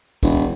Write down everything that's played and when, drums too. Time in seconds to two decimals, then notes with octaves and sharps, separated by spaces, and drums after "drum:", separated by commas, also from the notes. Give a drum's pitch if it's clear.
0.23 E1, drum: kick, tambourine